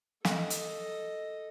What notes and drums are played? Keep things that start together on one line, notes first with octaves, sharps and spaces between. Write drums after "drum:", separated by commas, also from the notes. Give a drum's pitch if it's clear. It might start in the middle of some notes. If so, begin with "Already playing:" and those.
A4 D#5, drum: snare
drum: hi-hat